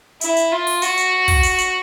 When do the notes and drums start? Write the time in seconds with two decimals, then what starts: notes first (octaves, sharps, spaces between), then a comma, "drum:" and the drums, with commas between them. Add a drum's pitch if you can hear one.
0.21 E4, drum: hi-hat
0.36 drum: hi-hat
0.52 F4
0.67 drum: open hi-hat
0.82 F#4, drum: hi-hat
0.97 drum: hi-hat
1.28 drum: kick, open hi-hat
1.43 drum: hi-hat
1.58 drum: hi-hat